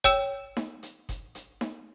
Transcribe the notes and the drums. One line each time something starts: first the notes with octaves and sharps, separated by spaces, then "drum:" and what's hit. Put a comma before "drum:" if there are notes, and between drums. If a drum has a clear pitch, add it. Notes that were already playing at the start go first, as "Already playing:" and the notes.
C#5 G5 E6 E7, drum: kick F#1, hi-hat
drum: snare D#4
drum: hi-hat
drum: kick F#1, hi-hat
drum: hi-hat
drum: snare D#4